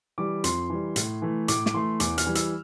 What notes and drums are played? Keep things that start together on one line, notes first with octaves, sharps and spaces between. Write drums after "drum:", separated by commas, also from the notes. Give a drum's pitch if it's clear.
E3 G3 D6
F2 C6, drum: hi-hat
E3 G3
A2, drum: hi-hat
E3 A3
A2 D6, drum: hi-hat
D6, drum: snare
E3 A3 C6
E2 D6, drum: hi-hat
F6, drum: hi-hat
E3 G3
E6, drum: hi-hat